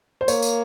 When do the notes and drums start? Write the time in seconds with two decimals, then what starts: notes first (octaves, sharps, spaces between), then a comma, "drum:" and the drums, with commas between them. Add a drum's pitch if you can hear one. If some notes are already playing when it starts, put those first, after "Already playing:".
0.21 C5
0.28 A#3 C#5, drum: tambourine
0.42 drum: tambourine